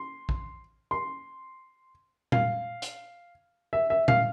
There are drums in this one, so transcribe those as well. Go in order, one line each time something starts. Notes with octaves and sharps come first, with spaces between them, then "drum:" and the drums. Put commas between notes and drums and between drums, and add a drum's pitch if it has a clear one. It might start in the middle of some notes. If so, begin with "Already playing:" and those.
Already playing: C6
drum: kick A#1
C6
F5, drum: tom A#2
drum: hi-hat
E5
E5
F5, drum: tom A#2